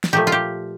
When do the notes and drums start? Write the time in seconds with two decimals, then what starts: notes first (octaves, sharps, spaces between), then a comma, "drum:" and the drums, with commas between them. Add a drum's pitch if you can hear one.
0.04 drum: snare
0.13 A#2 F3 A3 G4
0.27 F4
0.32 G4